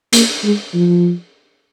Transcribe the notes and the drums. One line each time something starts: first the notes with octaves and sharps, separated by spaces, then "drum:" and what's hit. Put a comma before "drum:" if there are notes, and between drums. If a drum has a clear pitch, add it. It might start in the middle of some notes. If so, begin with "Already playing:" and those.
A#3, drum: hi-hat
G#3
F3